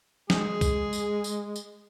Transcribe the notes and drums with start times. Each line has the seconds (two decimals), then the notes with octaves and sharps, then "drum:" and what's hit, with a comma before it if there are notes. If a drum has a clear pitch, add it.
0.30 G#3 G#4, drum: snare
0.61 drum: kick, tambourine
0.93 drum: tambourine
1.24 drum: tambourine
1.56 drum: tambourine